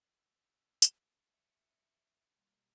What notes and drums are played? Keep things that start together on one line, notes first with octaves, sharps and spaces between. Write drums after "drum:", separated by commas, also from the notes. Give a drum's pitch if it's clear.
E6
drum: tambourine
E5 C#7
B2 G3 A#3 C6